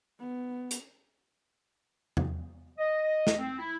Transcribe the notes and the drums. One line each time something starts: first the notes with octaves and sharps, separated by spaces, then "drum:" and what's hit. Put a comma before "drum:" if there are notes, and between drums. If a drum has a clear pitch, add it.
B3
drum: hi-hat
drum: tom
D#5
drum: snare
C4
E4